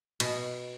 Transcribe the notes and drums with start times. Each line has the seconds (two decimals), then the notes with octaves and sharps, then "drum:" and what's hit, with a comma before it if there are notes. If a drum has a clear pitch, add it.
0.20 B2, drum: cymbal